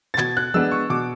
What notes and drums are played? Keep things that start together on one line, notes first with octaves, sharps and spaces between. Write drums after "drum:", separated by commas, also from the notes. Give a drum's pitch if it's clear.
A6
B2 G#6, drum: clap
F#6
G#3 B3 D4 E6, drum: tom E3
C#6
B2 D6